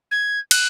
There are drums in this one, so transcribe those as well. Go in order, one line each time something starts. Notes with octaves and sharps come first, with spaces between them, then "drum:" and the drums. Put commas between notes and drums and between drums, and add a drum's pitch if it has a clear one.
G#6
F#6, drum: cymbal